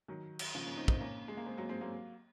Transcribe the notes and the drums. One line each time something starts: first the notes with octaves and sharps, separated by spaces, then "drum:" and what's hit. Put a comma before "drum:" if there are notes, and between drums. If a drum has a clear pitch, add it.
D#3 F#3
drum: cymbal
C#3 F3
A#3 C#4
C4 D#4
C4 D#4, drum: kick
A#3 C#4
G#3
A#3
G#3 C4
F#3 A#3
G#3 C4
F#3 A#3